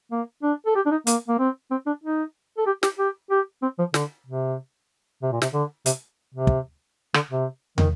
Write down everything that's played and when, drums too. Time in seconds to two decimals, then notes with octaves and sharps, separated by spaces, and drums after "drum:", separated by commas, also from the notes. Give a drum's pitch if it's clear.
0.12 A#3
0.43 D4
0.66 A4
0.75 G4
0.86 D4
0.91 D#4
1.07 A#3, drum: hi-hat
1.28 A#3
1.39 C4
1.71 C4
1.86 D4
2.04 D#4
2.58 A4
2.66 G4
2.83 G4, drum: snare
2.99 G4
3.31 G4
3.62 C4
3.79 F3
3.94 D3, drum: snare
4.27 C3
5.22 C3
5.32 A#2
5.42 C3, drum: snare
5.54 D3
5.86 C3, drum: hi-hat
6.34 C3
6.47 drum: kick
7.14 D3, drum: rim click
7.31 C3
7.78 D#3, drum: tom